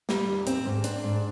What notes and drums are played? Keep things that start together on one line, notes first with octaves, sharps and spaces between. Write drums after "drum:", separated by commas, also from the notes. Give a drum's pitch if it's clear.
G3, drum: snare
D#2
C4, drum: hi-hat
G#2
D4, drum: hi-hat
G#2